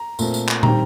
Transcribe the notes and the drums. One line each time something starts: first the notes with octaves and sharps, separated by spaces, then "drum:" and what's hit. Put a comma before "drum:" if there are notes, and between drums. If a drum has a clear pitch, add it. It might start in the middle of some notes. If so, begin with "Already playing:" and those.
Already playing: A#5
A#2 A3 C4, drum: tambourine
drum: tambourine
drum: clap
D#3 G3 C4 G5 A#5, drum: tom